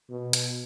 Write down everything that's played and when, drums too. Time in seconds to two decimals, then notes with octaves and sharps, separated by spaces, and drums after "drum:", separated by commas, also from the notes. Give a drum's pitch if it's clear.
0.10 B2
0.33 drum: hi-hat